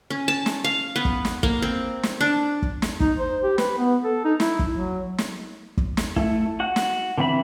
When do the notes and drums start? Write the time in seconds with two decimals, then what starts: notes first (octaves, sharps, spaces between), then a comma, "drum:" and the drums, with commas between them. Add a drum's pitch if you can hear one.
0.10 C#4
0.28 A5
0.46 drum: snare
0.64 F5
0.96 B3
1.05 drum: kick
1.25 drum: snare
1.43 A#3, drum: kick
1.62 C4
2.03 drum: snare
2.21 D4
2.62 drum: kick
2.82 drum: snare
3.00 D#4, drum: kick
3.18 C5
3.43 G4
3.58 B4, drum: snare
3.79 B3
4.04 A4
4.25 D#4
4.40 E4, drum: snare
4.59 drum: kick
4.74 F#3
5.18 drum: snare
5.77 drum: kick
5.97 drum: snare
6.16 A3 E4, drum: kick
6.60 F#4 F#5 F#6
6.76 drum: snare
7.18 D3 E3 C4 E5 B5